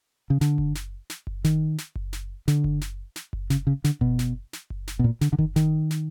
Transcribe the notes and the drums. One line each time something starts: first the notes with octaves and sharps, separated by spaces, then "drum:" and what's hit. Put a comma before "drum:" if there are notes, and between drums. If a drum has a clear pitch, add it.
C#3
D3, drum: snare
drum: kick F#1
drum: snare
drum: snare
drum: kick F#1
D#3, drum: snare
drum: snare
drum: kick F#1
drum: snare
D3, drum: snare
drum: kick F#1
drum: snare
drum: snare
drum: kick F#1
C#3, drum: snare
C#3
D3, drum: snare
B2, drum: kick F#1
drum: snare
drum: snare
drum: kick F#1
drum: snare
B2
A#2
D3, drum: snare
D3
D#3, drum: kick F#1
D#3, drum: snare
drum: snare